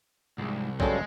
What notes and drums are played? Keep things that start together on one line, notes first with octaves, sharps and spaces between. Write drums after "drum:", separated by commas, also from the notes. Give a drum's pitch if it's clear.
C2 G#2 F3 G#3
G2 C#3 F#3 G#3 C4 A4 D5, drum: kick